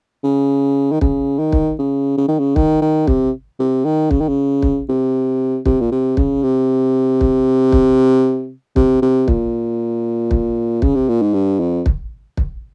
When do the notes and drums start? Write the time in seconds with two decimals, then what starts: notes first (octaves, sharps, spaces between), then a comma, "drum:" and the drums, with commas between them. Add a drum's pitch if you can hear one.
0.24 C#3
0.92 D#3
1.01 C#3, drum: kick
1.39 D#3
1.52 drum: kick
1.79 C#3
2.18 C#3
2.28 D#3
2.39 C#3
2.56 D#3, drum: kick
2.82 D#3
3.07 C3, drum: kick
3.60 C3
3.85 D#3
4.11 C#3, drum: kick
4.20 D#3
4.28 C#3
4.62 drum: kick
4.89 C3
5.66 C3, drum: kick
5.81 A#2
5.92 C3
6.17 C#3, drum: kick
6.43 C3
7.21 drum: kick
7.72 drum: kick
8.76 C3, drum: kick
9.02 C3
9.28 A#2, drum: kick
10.31 drum: kick
10.82 C#3, drum: kick
10.95 C3
11.09 A#2
11.22 G#2
11.34 G2
11.60 F2
11.86 drum: kick
12.37 drum: kick